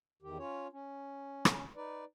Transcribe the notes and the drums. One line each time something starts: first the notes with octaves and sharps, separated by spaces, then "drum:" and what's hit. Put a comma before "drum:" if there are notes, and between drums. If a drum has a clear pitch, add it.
E2 D#3 G4
C#4 F4 C#5
C#4
drum: rim click
D#4 B4 D5